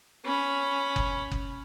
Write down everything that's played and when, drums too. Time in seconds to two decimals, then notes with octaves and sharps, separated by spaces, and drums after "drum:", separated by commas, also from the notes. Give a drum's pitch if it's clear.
0.25 C#4 B5
0.96 drum: kick F#1
1.31 drum: kick F#1